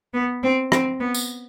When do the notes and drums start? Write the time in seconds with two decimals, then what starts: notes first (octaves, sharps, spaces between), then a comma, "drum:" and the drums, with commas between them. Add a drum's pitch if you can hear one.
0.14 B3
0.43 C4
0.72 C4, drum: rim click
1.00 B3
1.15 drum: tambourine